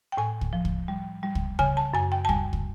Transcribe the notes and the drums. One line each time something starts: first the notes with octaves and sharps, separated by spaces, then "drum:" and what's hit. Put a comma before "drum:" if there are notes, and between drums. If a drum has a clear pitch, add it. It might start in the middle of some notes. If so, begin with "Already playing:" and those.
G5
A2 G#5
drum: kick
F3
drum: kick
G3
G3
drum: kick
C#3 G#5, drum: kick
A5
F#2 G#5
G5
A5
G3 G#5, drum: kick
drum: kick